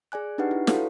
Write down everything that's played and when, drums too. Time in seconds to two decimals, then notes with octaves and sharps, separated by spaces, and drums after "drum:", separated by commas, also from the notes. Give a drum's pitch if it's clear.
0.12 G#4 D5 G#5 F#6
0.38 D4 D#4 G4 B4 F#5
0.51 E4
0.67 E4 F#4 A4 B4 C#5 F5, drum: snare